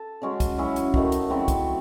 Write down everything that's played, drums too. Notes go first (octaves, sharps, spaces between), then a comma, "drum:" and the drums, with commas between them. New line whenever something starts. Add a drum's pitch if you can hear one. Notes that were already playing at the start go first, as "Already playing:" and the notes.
Already playing: A4
C#3 G#3 C#4 F#4
drum: kick, hi-hat
F#3 C#4 E4 G#4
drum: hi-hat
D#3 A3 D#4 F#4, drum: kick
drum: hi-hat
C#3 F#3 C4 E4
drum: kick, hi-hat